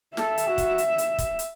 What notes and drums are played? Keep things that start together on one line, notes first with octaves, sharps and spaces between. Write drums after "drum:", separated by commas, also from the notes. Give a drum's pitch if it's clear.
A4 E5, drum: snare
drum: hi-hat
F#4
drum: kick, hi-hat
drum: hi-hat
drum: hi-hat
drum: kick, hi-hat
drum: hi-hat